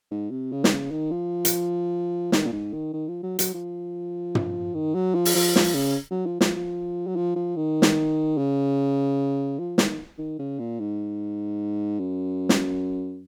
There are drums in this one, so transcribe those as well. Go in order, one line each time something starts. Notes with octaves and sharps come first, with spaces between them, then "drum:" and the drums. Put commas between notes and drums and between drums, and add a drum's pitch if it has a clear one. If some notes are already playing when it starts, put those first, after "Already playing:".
G#2
C3
C#3
D#3, drum: snare
C#3
D#3
F3
drum: hi-hat
D#3, drum: snare
A#2
G#2
D#3
D#3
F3
F#3
F#3, drum: hi-hat
F3
drum: tom
D#3
F#3
F3
drum: open hi-hat
F3
F3, drum: snare
C#3
F#3
F3
F3, drum: snare
F3
F#3
F3
F3
D#3
drum: snare
C#3
F3
D#3, drum: snare
D#3
C#3
A#2
G#2
F#2
drum: snare